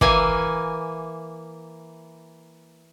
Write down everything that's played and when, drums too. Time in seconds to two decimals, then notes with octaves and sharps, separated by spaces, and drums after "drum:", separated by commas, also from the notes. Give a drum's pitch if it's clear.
0.01 E3 A#3 G#5, drum: kick